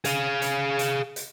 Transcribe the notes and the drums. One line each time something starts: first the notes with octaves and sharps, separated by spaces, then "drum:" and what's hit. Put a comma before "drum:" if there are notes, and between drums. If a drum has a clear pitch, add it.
G#4 F5, drum: hi-hat
drum: hi-hat
drum: hi-hat
drum: hi-hat